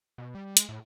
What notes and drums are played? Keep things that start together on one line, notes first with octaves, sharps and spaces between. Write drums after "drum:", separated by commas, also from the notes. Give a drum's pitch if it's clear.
B2
G3
G#3, drum: hi-hat
A2